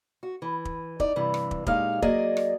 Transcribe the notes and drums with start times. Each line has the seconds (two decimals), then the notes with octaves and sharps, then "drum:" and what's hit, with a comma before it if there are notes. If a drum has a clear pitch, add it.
0.23 F#4
0.42 E3
0.65 drum: kick
1.00 D#4 D5, drum: kick
1.16 G2 C3 E3
1.34 drum: rim click
1.51 drum: kick
1.67 A#2 G#3 D#4 G4 F5, drum: kick
2.02 F#3 A#3 G#4 D5 D#5, drum: kick
2.37 drum: rim click